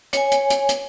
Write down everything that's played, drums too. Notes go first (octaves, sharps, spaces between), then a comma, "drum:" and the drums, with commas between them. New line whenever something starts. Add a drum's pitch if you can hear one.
C#5 G#5, drum: hi-hat
drum: hi-hat
drum: hi-hat
drum: hi-hat